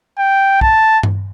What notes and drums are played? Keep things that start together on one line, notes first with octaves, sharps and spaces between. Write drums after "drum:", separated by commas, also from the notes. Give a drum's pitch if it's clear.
G5
A5, drum: kick
drum: tom G2